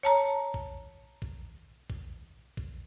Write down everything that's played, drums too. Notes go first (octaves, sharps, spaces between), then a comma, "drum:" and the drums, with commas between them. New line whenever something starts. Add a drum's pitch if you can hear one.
C#5 A5 A#5
drum: kick
drum: kick
drum: kick
drum: kick